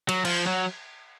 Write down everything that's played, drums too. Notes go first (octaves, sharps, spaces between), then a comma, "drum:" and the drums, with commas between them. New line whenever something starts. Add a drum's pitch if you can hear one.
F#3, drum: cymbal
F3, drum: cymbal
F#3